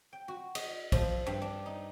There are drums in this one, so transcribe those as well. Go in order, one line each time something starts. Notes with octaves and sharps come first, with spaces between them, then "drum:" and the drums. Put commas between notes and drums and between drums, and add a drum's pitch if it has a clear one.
G5
F#4
D#5, drum: cymbal
F3, drum: kick A#1, cymbal
G2
D4
D#4